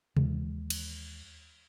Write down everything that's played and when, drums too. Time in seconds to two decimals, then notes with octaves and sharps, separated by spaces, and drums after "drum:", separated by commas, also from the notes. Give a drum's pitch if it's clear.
0.17 D#2 E3 G#3, drum: tom C3
0.70 drum: cymbal